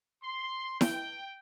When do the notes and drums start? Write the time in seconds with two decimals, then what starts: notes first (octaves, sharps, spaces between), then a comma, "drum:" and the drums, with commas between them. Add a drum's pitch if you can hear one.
0.24 C6
0.81 G5, drum: snare E4